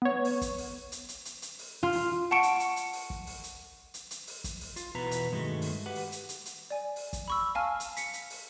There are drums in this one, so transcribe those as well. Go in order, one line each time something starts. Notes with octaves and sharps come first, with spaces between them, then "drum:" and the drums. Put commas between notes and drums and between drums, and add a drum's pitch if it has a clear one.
B3 C#5
drum: open hi-hat
drum: kick, hi-hat
drum: open hi-hat
drum: hi-hat
drum: hi-hat
drum: hi-hat
drum: hi-hat
drum: open hi-hat
F4
drum: open hi-hat
F#5 A5 C#6 C#7 D7
drum: hi-hat
drum: hi-hat
drum: hi-hat
drum: open hi-hat
drum: kick
drum: open hi-hat
drum: hi-hat
drum: hi-hat
drum: hi-hat
drum: open hi-hat
drum: kick, hi-hat
drum: open hi-hat
F4, drum: hi-hat
E2 B2 E4 F#4 B4 A#5
drum: hi-hat
G2 D#3 G#3 A3 F#4
drum: open hi-hat
G4 B4 F#5
drum: open hi-hat
drum: hi-hat
drum: hi-hat
drum: hi-hat
D5 G#5
drum: open hi-hat
drum: kick, hi-hat
B5 C#6 E6
F5 G#5 A5 F6
drum: hi-hat
B6 C#7, drum: hi-hat
drum: hi-hat
drum: open hi-hat